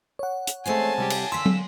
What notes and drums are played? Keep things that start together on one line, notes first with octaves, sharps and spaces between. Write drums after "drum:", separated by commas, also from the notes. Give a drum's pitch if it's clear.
C#5 F#5
drum: hi-hat
G#3 A3 C4 C#4 G#5 A5 C7
C3 G3 G4
drum: cymbal
D3 A#3 C6 E6 B6
drum: tom